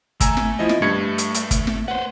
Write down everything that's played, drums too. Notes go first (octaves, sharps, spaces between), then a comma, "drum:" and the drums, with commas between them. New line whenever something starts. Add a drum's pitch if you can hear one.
A3 G#5 A#5 E6, drum: kick, hi-hat
drum: snare
F3 E4 D#5
drum: snare
G2 A3 G#6 C#7
drum: hi-hat
drum: hi-hat
drum: kick, hi-hat
drum: snare
B4 C5 F#5